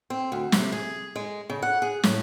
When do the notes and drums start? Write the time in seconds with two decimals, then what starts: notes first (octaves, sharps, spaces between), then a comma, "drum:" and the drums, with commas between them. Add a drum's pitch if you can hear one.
0.10 C4
0.32 D2
0.52 C3, drum: snare
0.72 G#4
1.16 G#3
1.50 C#3
1.62 F#5
1.82 G#4
2.03 A2, drum: snare